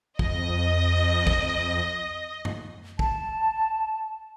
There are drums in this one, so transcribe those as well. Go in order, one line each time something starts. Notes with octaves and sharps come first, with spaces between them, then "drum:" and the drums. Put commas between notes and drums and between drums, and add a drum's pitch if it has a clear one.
F2 D#5, drum: kick
drum: kick
drum: tom F#2
A5, drum: kick